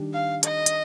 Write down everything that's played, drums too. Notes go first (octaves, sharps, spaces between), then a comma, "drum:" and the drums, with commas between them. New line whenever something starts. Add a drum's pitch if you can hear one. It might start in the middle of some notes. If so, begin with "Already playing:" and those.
Already playing: D#3 G3 D4
F5
D#5, drum: hi-hat
drum: hi-hat